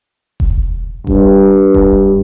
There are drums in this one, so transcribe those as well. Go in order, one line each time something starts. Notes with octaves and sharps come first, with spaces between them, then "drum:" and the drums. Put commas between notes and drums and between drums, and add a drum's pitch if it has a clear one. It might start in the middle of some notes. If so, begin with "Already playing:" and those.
drum: kick E1
G2, drum: kick E1
drum: kick E1